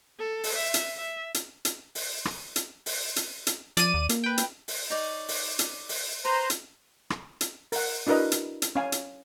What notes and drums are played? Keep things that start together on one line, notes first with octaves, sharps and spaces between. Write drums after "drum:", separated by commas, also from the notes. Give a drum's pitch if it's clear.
A4
drum: open hi-hat
E5
drum: hi-hat
E5
drum: hi-hat
drum: hi-hat
drum: open hi-hat
drum: rim click
drum: hi-hat
drum: open hi-hat
drum: hi-hat
drum: hi-hat
F3 D5 D#7, drum: hi-hat
D#2
A#3, drum: hi-hat
B4 G5
drum: hi-hat
drum: open hi-hat
D#4 C#5 D5
drum: open hi-hat
drum: hi-hat
drum: open hi-hat
B4 C5 A#5 C6
drum: hi-hat
drum: rim click
drum: hi-hat
A#4 F#5, drum: open hi-hat
D4 E4 F#4 A#4 B4 D#5
drum: hi-hat
drum: hi-hat
C#4 F5 G#5
drum: hi-hat